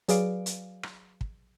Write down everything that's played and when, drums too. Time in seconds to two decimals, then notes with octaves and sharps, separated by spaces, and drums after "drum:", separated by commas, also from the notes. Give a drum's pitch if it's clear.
0.08 F#3 G#4 B4 D5 F5 D7, drum: hi-hat
0.46 drum: hi-hat
0.83 drum: rim click
1.21 drum: kick